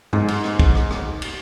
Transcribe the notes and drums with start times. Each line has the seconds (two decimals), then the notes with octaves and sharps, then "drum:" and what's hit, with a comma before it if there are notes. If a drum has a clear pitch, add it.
0.13 G#2, drum: tom G2
0.28 drum: cymbal
0.44 drum: rim click
0.59 drum: kick
0.75 drum: rim click
0.91 drum: rim click
1.22 drum: cymbal